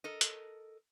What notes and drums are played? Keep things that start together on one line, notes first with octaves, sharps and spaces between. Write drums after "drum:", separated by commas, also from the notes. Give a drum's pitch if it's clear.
A4 A#4 D#5
drum: hi-hat